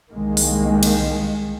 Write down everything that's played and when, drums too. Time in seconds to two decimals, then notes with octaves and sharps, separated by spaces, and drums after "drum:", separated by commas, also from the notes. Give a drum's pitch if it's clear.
0.11 C2 D#3 G#3 A#3
0.37 drum: open hi-hat
0.83 drum: cymbal